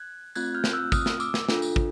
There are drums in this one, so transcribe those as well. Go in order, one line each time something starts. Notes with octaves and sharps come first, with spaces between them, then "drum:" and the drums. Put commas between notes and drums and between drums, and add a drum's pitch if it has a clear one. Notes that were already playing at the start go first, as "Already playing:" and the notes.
Already playing: F#6 G#6
A3 C4 F4 F#6 G#6, drum: tambourine
F6 G6
drum: snare
E6 F#6
D#6 F6, drum: kick, tambourine
drum: snare
D6 E6, drum: tambourine
drum: snare
D4 F4 A4, drum: snare
drum: tambourine
drum: kick